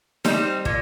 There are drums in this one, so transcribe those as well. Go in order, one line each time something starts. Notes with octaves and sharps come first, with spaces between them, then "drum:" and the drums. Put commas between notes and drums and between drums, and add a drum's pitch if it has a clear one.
G3 C4 D#4, drum: snare D#4
A#2, drum: kick